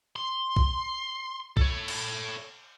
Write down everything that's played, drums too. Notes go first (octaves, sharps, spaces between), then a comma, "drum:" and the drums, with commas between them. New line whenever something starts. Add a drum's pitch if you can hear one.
C6
drum: kick A#1
A4 C#5, drum: kick A#1
drum: cymbal